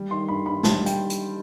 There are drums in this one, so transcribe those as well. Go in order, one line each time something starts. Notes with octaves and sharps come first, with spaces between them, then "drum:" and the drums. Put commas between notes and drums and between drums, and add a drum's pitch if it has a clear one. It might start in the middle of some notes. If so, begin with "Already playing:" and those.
Already playing: G3
D#3 C6
G2 B5
G2 B5
G3 A5, drum: snare
G5, drum: hi-hat
drum: hi-hat